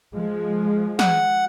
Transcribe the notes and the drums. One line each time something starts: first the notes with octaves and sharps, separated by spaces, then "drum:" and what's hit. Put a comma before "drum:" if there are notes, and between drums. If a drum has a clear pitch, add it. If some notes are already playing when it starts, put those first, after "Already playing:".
F3 G#3
F#5, drum: snare